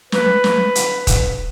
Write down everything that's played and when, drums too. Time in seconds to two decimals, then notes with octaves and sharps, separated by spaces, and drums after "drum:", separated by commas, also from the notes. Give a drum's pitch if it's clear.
0.12 B4, drum: snare
0.44 drum: snare
0.75 drum: hi-hat
1.07 drum: kick D#1, hi-hat